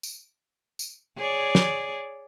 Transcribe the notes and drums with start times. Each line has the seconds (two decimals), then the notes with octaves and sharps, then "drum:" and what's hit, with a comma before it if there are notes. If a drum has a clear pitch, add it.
0.03 drum: tambourine
0.79 drum: tambourine
1.17 G#4 C#5 D5
1.55 drum: snare